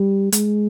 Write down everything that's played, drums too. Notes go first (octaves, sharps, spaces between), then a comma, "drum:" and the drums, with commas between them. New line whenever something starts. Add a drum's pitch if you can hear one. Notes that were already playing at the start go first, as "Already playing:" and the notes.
Already playing: G3
G#3, drum: hi-hat